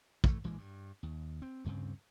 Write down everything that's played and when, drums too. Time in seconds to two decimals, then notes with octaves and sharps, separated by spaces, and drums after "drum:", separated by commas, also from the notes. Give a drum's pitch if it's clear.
0.24 E3 G#3 A3, drum: kick
0.44 A#1 E3 G#3 A#3
0.58 G2
1.03 D#2
1.42 C4
1.65 D2 G2 C#3 C4